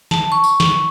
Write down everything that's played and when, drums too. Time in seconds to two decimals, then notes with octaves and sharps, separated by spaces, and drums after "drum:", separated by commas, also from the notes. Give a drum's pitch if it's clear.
0.11 A5, drum: snare
0.32 C#6
0.44 drum: tambourine
0.60 drum: snare